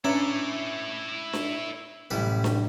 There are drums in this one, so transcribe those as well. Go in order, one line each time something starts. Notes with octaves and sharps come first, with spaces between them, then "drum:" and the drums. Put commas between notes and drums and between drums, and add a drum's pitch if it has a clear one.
C#4 D4 E4 B4 C#5 D5 E5 A#5
drum: snare D4
A1 F#2 C3 G3 E4 B4
drum: snare D4